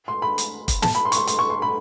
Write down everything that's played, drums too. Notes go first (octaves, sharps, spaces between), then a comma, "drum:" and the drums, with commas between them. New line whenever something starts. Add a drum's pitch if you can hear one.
C6
B5
drum: hi-hat
drum: kick, hi-hat
A5, drum: snare
B5
C6
C#6, drum: hi-hat
C6
C6, drum: hi-hat
C#6
C6
B5